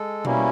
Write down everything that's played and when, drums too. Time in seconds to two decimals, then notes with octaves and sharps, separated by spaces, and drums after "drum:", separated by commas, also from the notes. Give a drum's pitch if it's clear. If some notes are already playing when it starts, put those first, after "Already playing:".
Already playing: G#3 A4
0.25 B2 G3 A#3 C#4 E4, drum: tom B2